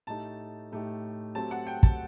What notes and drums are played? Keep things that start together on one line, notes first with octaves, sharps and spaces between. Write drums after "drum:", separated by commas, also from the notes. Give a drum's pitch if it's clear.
A2 A3 D#4 G4 A5
A2 A3 D#4 G4
F#3 A3 C4 G4 A5
F#5
G5
A5, drum: kick